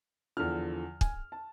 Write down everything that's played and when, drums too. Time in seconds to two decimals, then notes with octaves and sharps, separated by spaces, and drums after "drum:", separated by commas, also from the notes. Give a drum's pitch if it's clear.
0.37 E2 D3 F3 F6
1.01 G#5, drum: kick
1.32 A5